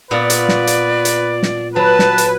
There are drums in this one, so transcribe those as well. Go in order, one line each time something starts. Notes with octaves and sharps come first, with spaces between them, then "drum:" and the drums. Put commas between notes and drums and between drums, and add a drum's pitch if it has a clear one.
A#2 B3 F4 B4 D5
drum: hi-hat
drum: snare
drum: hi-hat
drum: hi-hat
drum: snare
F#3 B4 A5
drum: snare
drum: hi-hat